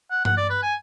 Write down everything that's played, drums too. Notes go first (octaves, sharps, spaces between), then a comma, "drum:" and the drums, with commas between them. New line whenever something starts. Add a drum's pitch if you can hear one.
F#5
F#5, drum: tom G2
D5
B4
G#5